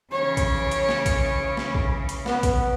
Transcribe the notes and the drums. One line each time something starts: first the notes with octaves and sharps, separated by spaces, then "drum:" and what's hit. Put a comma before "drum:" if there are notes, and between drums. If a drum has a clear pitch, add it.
C#3 E3 C#5
drum: kick A#1, hi-hat
drum: hi-hat
drum: snare
drum: kick A#1, hi-hat
drum: snare
drum: kick A#1
drum: hi-hat
B3, drum: snare
drum: kick A#1, hi-hat